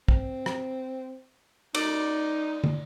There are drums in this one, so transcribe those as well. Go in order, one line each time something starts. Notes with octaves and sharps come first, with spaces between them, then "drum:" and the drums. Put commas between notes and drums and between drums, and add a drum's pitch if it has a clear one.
C4, drum: kick
drum: rim click
D#4 D5, drum: cymbal
drum: tom